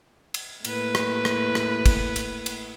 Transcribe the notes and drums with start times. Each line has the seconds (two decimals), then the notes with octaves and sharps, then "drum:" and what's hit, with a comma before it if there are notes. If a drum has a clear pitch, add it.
0.34 drum: cymbal
0.65 A2 A#3 B4, drum: cymbal
0.95 drum: rim click
1.25 drum: rim click
1.55 drum: rim click
1.86 drum: kick, cymbal
2.16 drum: cymbal
2.46 drum: cymbal